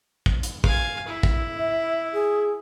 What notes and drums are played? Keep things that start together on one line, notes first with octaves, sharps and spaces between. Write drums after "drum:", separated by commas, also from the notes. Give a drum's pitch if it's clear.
drum: kick
drum: hi-hat
F5 G#5, drum: kick
E4
drum: kick
E5
G#4